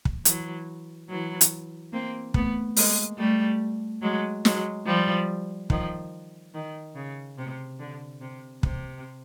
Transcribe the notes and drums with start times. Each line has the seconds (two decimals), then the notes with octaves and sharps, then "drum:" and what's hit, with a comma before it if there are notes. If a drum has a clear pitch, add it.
0.05 drum: kick
0.25 E3 F#3, drum: hi-hat
1.09 E3 F#3
1.41 drum: hi-hat
1.93 A#3 C4
2.34 A3 B3, drum: kick
2.76 G#3 A#3, drum: open hi-hat
3.18 G3 A3
4.02 F#3 G#3
4.45 F#3 G#3, drum: snare
4.86 F3 G3
5.70 D#3 F3, drum: kick
6.54 D#3
6.96 C#3
7.38 C3
7.80 D3
8.21 C3
8.63 C3, drum: kick